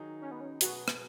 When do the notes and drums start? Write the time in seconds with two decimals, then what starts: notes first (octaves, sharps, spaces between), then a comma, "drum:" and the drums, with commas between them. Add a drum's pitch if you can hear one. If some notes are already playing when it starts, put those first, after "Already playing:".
Already playing: D#3 F#3 D#4 G#4
0.21 C#4
0.31 B3
0.41 C#4
0.61 B2 F#3 B3 F#4 G#4, drum: hi-hat
0.88 drum: rim click